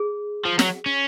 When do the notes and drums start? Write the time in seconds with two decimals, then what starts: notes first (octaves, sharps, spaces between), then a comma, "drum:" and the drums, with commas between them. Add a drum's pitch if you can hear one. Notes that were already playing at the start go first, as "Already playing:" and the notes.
Already playing: G#4
0.45 F3
0.59 F#3, drum: snare
0.86 C#4